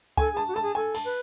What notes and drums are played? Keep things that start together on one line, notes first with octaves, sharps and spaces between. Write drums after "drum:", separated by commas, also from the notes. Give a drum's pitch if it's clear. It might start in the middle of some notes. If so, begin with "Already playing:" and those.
A4 G#5, drum: kick C#2
G#4 A5
F#4
A4 A5
G#4
A4 G#5
A5, drum: cymbal
B4